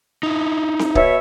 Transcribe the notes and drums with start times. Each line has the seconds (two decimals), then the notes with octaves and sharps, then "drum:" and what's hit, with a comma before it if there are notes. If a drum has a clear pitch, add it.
0.23 D#4 E4
0.79 drum: snare C4
0.95 B2 C#5 E5, drum: kick C#1